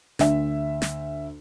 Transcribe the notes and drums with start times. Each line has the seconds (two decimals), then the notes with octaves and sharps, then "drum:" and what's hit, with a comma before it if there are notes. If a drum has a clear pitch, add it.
0.19 D2 E5, drum: snare
0.82 drum: snare